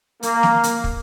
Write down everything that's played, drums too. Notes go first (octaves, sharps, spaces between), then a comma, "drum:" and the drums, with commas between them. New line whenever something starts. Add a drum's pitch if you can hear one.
A#3, drum: hi-hat
drum: snare
drum: hi-hat
drum: kick